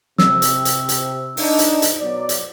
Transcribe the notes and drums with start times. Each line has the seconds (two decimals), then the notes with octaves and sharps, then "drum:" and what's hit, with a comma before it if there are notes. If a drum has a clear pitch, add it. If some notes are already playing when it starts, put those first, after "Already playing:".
0.18 C3 E6, drum: snare
0.42 drum: hi-hat
0.65 drum: hi-hat
0.89 drum: hi-hat
1.37 D4 D#4, drum: open hi-hat
1.59 drum: hi-hat
1.82 drum: hi-hat
1.99 B2 F#3 D5
2.29 drum: hi-hat